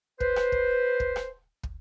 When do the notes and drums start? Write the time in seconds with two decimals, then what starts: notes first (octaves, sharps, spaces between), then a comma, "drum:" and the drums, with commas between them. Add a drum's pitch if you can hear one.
0.20 B4 C5, drum: kick
0.36 drum: rim click
0.52 drum: kick
1.00 drum: kick
1.16 drum: rim click
1.63 drum: kick